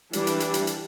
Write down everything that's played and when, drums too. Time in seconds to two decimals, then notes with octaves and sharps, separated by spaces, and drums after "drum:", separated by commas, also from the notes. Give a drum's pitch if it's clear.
0.13 E3 G3 D4, drum: hi-hat
0.27 drum: hi-hat
0.40 drum: hi-hat
0.54 drum: hi-hat
0.67 drum: hi-hat